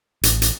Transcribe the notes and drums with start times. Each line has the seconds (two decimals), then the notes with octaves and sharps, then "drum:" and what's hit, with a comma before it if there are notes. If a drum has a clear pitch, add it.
0.23 A1, drum: hi-hat
0.42 drum: hi-hat